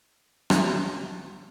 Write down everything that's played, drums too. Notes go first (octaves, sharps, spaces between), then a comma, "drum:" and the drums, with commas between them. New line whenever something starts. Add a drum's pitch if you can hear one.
A#1, drum: rim click